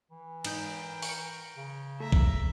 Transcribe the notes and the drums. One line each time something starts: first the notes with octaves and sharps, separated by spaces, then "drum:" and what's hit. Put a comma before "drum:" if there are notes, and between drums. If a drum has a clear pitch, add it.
E3
G#2 D#4 A#4 G5 G6, drum: cymbal
C#6 D7, drum: open hi-hat
C#3
A3 E5 A#5
drum: kick